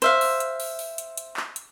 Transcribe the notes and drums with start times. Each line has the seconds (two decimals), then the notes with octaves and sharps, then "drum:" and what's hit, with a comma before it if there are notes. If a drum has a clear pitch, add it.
0.02 C5 E5 F5, drum: hi-hat
0.21 drum: open hi-hat
0.40 drum: hi-hat
0.60 drum: open hi-hat
0.79 drum: open hi-hat
0.98 drum: hi-hat
1.17 drum: hi-hat
1.37 drum: clap
1.56 drum: hi-hat